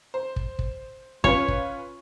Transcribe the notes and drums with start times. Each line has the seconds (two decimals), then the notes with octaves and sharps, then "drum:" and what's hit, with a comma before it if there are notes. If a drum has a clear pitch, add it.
0.14 C5
0.36 drum: kick
0.59 drum: kick
1.24 C#4 F4 B4 C#5, drum: kick
1.48 drum: kick